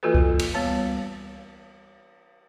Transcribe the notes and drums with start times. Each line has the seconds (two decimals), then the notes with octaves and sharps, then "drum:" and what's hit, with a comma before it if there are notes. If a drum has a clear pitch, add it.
0.03 E3 A#3 F4 F#4 A4 B4
0.15 drum: kick C2
0.39 drum: cymbal
0.54 G3 B3 C#5 A5